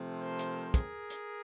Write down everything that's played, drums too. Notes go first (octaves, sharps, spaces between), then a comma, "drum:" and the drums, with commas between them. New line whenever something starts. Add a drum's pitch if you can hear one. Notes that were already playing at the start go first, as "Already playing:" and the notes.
Already playing: C3 F3 A3 C4
A#4 C5
drum: hi-hat
G#4 A#4, drum: kick, hi-hat
drum: hi-hat